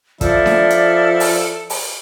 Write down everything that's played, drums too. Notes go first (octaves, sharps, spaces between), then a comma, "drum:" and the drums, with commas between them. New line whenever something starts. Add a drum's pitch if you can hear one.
F3 E4 A4 D5, drum: kick, hi-hat
drum: snare D4
drum: hi-hat
drum: open hi-hat
drum: open hi-hat